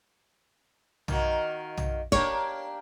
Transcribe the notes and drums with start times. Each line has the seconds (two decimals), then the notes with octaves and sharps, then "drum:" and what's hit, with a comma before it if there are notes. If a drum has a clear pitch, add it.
1.08 D#3 A#3 F#4, drum: tom
1.77 drum: tom
2.12 A#3 D4 G4 C#5, drum: kick